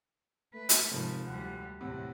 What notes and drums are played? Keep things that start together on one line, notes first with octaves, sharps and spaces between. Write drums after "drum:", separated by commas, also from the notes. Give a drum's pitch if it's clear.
A3 B4
drum: hi-hat
F1 G#2 C3 D#3 F3
D2 G3 F#5
E2 A2 C3 F#5